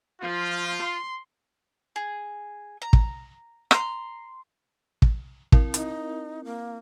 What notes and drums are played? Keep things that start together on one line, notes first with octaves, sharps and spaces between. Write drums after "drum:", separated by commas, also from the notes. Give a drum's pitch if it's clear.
F3 F4
C6
G#4
A#5
drum: kick
A#5 C6, drum: rim click
drum: kick
C4 E4 A#4, drum: kick
D#4, drum: hi-hat
A#3